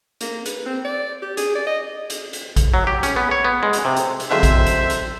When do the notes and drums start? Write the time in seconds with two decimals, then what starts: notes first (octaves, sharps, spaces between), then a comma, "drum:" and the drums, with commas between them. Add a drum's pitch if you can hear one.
0.21 A#3, drum: hi-hat
0.46 B4, drum: hi-hat
0.66 C4
0.85 D5
1.22 G4
1.37 G#4, drum: hi-hat
1.55 D5
1.67 D#5
2.10 drum: hi-hat
2.33 drum: hi-hat
2.56 drum: kick A1, hi-hat
2.74 F#3
2.87 G4
3.03 C#4, drum: hi-hat
3.16 B3
3.31 C#5
3.44 B3
3.63 G#3
3.73 drum: hi-hat
3.85 C3
3.96 drum: hi-hat
4.20 drum: hi-hat
4.31 D3 E3 F#3 G#3 C4 F4 C5 E5
4.43 drum: kick A1, hi-hat
4.66 drum: hi-hat
4.90 drum: hi-hat